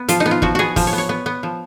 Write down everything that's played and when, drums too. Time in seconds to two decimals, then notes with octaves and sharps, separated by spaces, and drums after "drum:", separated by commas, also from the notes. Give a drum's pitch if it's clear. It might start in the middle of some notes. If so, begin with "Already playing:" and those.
Already playing: B3
0.09 F3 F4, drum: hi-hat
0.20 D#4
0.26 B3
0.31 F4
0.42 F3 F#4, drum: kick
0.55 B3 F#4 G#4
0.76 F3, drum: kick, open hi-hat
0.87 C#5
0.93 B3
0.98 C#5
1.09 B3
1.26 B3
1.43 F3